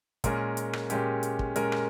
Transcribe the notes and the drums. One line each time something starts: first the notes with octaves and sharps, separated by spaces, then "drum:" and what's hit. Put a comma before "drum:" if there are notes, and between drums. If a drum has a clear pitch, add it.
A#2 G#3 C#4 A#4, drum: kick, hi-hat
drum: hi-hat
drum: rim click
A#2 G#3 C#4 G4, drum: hi-hat
drum: hi-hat
drum: kick
A#2 G#3 C#4 A#4, drum: hi-hat
drum: rim click